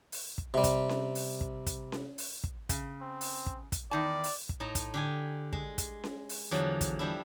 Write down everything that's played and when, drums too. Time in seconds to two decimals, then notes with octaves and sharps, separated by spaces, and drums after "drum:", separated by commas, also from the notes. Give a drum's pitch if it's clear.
0.12 drum: open hi-hat
0.38 drum: kick
0.54 C3 G3
0.64 drum: kick, hi-hat
0.89 drum: snare C#4
1.15 drum: open hi-hat
1.41 drum: kick
1.66 drum: kick, hi-hat
1.92 drum: snare C#4
2.18 drum: open hi-hat
2.44 drum: kick
2.69 C#3, drum: kick, hi-hat
3.01 C4
3.21 drum: open hi-hat
3.46 drum: kick
3.72 drum: kick, hi-hat
3.91 E2 D#3 D5 A5
4.24 drum: open hi-hat
4.49 drum: kick
4.60 A2 D#4 A5 A#5
4.75 drum: kick, hi-hat
4.94 D3 G4 G#5
5.53 G#3, drum: kick
5.78 drum: kick, hi-hat
6.04 drum: snare C#4
6.29 drum: open hi-hat
6.51 E2 D3 F3 F#3
6.81 drum: kick, hi-hat
6.99 F3 G3 D4 E4